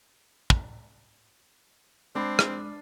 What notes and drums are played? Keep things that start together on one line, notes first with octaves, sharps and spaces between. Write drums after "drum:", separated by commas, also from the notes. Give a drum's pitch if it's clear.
drum: kick
G#3 C4 D4 B5 C7
drum: rim click